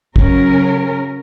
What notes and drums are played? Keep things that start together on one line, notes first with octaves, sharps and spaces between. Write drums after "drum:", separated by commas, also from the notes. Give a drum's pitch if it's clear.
C#3 F#3 C#4 A#4, drum: kick